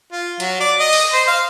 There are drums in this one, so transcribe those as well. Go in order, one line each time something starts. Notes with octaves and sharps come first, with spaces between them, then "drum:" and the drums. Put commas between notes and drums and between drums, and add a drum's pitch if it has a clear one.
F4
F#3, drum: hi-hat
D5
D#5
drum: open hi-hat
C5
F5